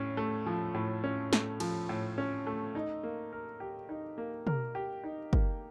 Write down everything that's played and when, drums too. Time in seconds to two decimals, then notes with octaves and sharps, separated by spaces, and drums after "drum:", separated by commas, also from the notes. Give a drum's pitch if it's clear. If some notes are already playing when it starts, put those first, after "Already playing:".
Already playing: A2 C#4
0.17 A3
0.46 F3
0.74 A2
1.04 C#4
1.33 A3, drum: snare
1.60 F3, drum: cymbal
1.89 A2
2.18 C#4
2.47 A3
2.75 D#4
3.03 A#3
3.33 A#4
3.60 G4
3.89 D#4
4.18 A#3
4.47 A#4, drum: tom
4.75 G4
5.04 D#4
5.33 A#3, drum: kick